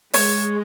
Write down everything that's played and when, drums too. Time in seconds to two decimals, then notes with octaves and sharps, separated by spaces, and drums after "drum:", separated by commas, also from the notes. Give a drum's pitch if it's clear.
0.13 G#3 C#5, drum: open hi-hat